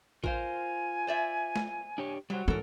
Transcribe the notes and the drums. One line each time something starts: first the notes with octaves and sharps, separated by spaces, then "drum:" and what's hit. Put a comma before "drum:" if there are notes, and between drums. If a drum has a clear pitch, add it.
F4 A#4 C5 F5 G#5, drum: kick A1
C5 D5 E5
drum: snare
D4 G4 C#5
F#3 G3 F#4 C5
G#2 E3 C#4 A4 A#4